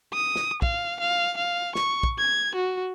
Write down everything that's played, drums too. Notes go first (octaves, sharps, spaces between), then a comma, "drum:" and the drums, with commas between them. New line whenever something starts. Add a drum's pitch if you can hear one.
D#6
drum: snare
F5, drum: kick
F5
F5
C#6, drum: snare
drum: kick
G#6
F#4